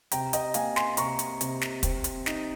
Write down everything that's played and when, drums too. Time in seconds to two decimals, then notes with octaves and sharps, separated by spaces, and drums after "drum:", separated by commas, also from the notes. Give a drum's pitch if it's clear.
0.12 C3 G5 A#5, drum: hi-hat
0.33 D#5 G5, drum: hi-hat
0.54 A#3 F5 G#5, drum: hi-hat
0.76 G#5 C6, drum: snare
0.97 C3 A#5 C#6, drum: hi-hat
1.19 drum: hi-hat
1.41 C3, drum: hi-hat
1.61 drum: snare
1.83 C4, drum: kick, hi-hat
2.04 drum: hi-hat
2.26 D#4, drum: snare